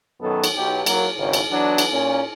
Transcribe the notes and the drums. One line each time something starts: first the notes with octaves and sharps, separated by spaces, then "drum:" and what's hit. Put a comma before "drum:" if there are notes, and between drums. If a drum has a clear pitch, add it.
F#2 B2 D#3 F#3 B3 A4
drum: cymbal
B1 F#3 G4
F#3 A#3, drum: cymbal
G#1 C#3
drum: cymbal
E3 F#3 B3 D4
drum: cymbal
A#2 C#4